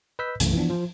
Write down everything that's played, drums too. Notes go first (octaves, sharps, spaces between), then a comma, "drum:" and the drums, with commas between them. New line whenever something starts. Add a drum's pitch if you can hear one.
B4 D#5 E6 G6 B6
B1 F#2 C3 E3 A3, drum: hi-hat
E3 F3 B3 D4
F3 C5